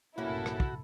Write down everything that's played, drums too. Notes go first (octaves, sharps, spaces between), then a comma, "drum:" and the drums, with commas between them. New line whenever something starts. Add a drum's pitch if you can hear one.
A#1 G2 C3 A#3 C#4 E4 F#4 A4
drum: rim click
drum: kick